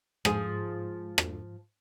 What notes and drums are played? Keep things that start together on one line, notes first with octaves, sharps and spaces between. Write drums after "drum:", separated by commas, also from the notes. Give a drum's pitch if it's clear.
G#2 F3 G#4, drum: rim click
drum: rim click